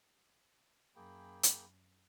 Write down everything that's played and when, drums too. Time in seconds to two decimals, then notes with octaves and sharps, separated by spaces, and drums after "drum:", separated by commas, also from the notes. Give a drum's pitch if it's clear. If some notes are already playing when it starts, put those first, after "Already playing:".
0.96 F#2 A#3 G#4 G5 B5
1.43 drum: hi-hat